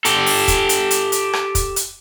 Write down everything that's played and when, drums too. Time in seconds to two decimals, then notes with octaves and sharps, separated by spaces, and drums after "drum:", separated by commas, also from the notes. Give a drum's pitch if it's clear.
0.05 G4 A4, drum: hi-hat
0.26 drum: open hi-hat
0.48 drum: kick, hi-hat
0.69 drum: hi-hat
0.91 drum: hi-hat
1.12 drum: hi-hat
1.33 drum: rim click
1.55 drum: kick, hi-hat
1.76 drum: hi-hat